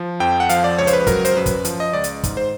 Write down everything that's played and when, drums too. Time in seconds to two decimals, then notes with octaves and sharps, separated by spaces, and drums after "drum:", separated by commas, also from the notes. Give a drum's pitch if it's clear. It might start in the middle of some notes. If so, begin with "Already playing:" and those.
Already playing: F3
0.20 F2 G5
0.40 F#5
0.49 F3 F5, drum: hi-hat
0.64 D5
0.78 C#2 C#5
0.87 C5, drum: hi-hat
0.93 B4
1.07 F#3 A#4, drum: kick, hi-hat
1.25 C5, drum: hi-hat
1.37 F#2 B4
1.46 drum: kick, hi-hat
1.65 F3, drum: hi-hat
1.80 D#5
1.93 C#2 D5
2.04 drum: hi-hat
2.24 G#2, drum: kick, hi-hat
2.37 C5